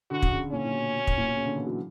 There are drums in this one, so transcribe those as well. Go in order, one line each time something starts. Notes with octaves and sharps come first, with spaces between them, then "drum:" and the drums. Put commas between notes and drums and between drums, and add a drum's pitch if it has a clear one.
D3 F#4
D3, drum: kick
C#3
A#2 C#4
A#2
B2
drum: kick
A#2
B2
C#3
D3
E3
F#3